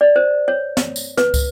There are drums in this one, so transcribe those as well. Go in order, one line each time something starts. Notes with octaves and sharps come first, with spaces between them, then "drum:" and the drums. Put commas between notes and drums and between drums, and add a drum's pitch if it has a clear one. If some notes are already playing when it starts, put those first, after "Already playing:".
D5
C5
C#5
drum: snare
drum: tambourine
B4, drum: snare
drum: kick, tambourine